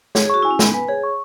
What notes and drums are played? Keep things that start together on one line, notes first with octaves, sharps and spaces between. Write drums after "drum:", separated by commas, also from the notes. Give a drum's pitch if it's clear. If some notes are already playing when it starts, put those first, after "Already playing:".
G#4 C#5, drum: snare
G#4
F#4 C#6
E4 G#5
C#4
B3 B5, drum: snare
B4 G#5
G#4 C#5
C#6